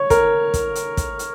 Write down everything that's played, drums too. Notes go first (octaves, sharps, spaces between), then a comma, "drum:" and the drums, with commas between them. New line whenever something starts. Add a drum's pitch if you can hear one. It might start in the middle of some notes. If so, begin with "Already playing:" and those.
Already playing: C#5
A#4, drum: kick, hi-hat
drum: kick, hi-hat
drum: hi-hat
drum: kick, hi-hat
drum: hi-hat